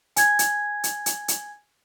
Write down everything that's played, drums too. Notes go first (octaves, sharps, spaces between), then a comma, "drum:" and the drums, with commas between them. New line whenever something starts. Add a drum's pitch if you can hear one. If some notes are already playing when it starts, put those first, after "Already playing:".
G#5 G#6, drum: hi-hat
drum: hi-hat
drum: hi-hat
drum: hi-hat
drum: hi-hat